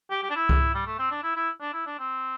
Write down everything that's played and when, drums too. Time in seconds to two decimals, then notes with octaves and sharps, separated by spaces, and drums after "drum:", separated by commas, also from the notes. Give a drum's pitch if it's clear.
0.11 G4
0.23 G4
0.30 D4
0.35 E4
0.49 drum: kick C2
0.74 G3
0.86 A3
0.99 C4
1.11 D4
1.23 E4
1.36 E4
1.61 D4
1.73 E4
1.86 D4
1.99 C4